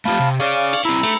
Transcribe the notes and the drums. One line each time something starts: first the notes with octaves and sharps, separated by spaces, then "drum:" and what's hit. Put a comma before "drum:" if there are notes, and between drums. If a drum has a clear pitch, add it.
A3 F4 G4 F5 A5 B5
C3
G#4 C#5 D5 F5 C#6
drum: cymbal
C4 E4 A#5 B5 E6
A3, drum: cymbal